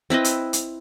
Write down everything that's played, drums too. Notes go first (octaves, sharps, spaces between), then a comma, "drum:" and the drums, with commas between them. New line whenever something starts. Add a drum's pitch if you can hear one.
C4 E4 B4 D#5
drum: hi-hat
drum: hi-hat